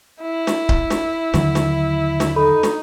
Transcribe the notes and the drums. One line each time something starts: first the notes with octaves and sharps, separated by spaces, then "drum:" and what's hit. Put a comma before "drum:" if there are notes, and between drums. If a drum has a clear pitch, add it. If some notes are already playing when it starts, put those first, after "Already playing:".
E4
drum: snare
drum: kick C#1
drum: snare
D#2 D3 F#3, drum: snare
drum: snare
drum: snare
D#4 A4 B5
drum: snare